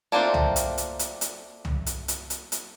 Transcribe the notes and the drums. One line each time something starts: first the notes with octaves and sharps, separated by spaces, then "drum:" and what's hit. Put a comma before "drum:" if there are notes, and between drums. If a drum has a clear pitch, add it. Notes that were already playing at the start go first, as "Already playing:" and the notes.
A3 A#3 C4 D4 F4
drum: tom C2
drum: hi-hat
drum: hi-hat
drum: hi-hat
drum: hi-hat
drum: tom C2
drum: hi-hat
drum: hi-hat
drum: hi-hat
drum: hi-hat